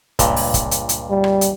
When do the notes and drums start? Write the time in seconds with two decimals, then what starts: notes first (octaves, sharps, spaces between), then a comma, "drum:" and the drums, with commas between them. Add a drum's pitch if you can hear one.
0.19 C#2 G2 A#2, drum: kick, hi-hat
0.36 drum: open hi-hat
0.54 drum: kick, hi-hat
0.71 drum: hi-hat
0.89 drum: hi-hat
1.11 G3
1.24 drum: rim click
1.41 drum: hi-hat